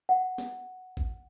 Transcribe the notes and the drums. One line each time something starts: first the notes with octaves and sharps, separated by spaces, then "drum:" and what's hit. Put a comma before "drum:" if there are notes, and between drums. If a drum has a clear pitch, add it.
F#5
drum: snare
drum: kick